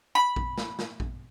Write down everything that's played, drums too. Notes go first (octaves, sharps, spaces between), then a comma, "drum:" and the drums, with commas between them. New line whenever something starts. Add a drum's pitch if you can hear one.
B5
drum: kick A#1
drum: snare
drum: snare
drum: kick A#1